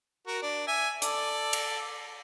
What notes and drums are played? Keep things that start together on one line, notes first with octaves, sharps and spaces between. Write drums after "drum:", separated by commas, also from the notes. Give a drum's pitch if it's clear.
F#4 A#4
D4
E5 G#5
A4 D5, drum: hi-hat
drum: cymbal